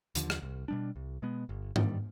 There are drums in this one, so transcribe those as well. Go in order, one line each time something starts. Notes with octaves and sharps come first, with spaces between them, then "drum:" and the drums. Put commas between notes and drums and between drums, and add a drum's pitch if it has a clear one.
D#2 D3 F3, drum: hi-hat
drum: rim click
C2
B2 G3 D4
C2
B2 G#3 B3
G1
G2 D#3 G3, drum: tom G#2